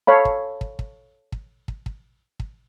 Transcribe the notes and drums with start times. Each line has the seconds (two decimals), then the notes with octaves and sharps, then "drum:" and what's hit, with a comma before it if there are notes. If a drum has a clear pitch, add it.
0.07 A4 C#5 F5 B5
0.25 drum: kick
0.61 drum: kick
0.79 drum: kick
1.32 drum: kick
1.68 drum: kick
1.86 drum: kick
2.40 drum: kick